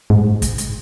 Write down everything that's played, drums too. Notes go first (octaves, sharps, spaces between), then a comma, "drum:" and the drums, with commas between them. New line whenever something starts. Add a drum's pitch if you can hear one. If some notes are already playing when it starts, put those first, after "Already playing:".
G#2
drum: kick, hi-hat
drum: hi-hat